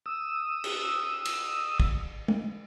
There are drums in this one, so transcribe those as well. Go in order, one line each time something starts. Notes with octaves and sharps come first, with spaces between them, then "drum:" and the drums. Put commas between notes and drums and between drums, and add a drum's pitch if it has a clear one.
D#6 E6
drum: cymbal
drum: cymbal
drum: kick
drum: tom